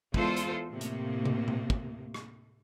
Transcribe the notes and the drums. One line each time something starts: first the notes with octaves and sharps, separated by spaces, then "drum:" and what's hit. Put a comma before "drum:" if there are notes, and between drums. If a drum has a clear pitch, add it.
E2 G#3 F4 A4 C5, drum: kick
drum: hi-hat
A2 C3 A#3
drum: hi-hat
drum: tom
drum: tom A#2
drum: kick
drum: rim click